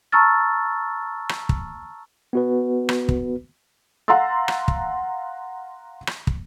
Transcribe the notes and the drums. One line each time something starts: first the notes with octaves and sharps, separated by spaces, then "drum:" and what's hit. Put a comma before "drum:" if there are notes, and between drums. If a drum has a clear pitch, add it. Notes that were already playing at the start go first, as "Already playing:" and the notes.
A5 A#5 C#6 E6 F6 A6
drum: rim click
drum: kick
B3 F#4 B4
drum: rim click
drum: kick
F5 F#5 A#5 C6 E6 A6
drum: rim click
drum: kick
drum: rim click
drum: kick